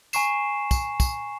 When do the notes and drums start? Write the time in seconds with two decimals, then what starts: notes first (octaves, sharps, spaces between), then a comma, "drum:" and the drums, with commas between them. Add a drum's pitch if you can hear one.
0.13 G#5 A#5 C#6 C7 E7, drum: tambourine
0.71 drum: kick, tambourine
1.00 drum: kick, tambourine